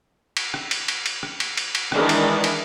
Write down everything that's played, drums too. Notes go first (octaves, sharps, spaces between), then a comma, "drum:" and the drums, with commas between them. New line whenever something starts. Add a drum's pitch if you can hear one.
drum: cymbal
drum: rim click
drum: cymbal
drum: cymbal
drum: cymbal
drum: rim click
drum: cymbal
drum: cymbal
drum: cymbal
D#3 E3 G#3 D4, drum: rim click
drum: cymbal
drum: cymbal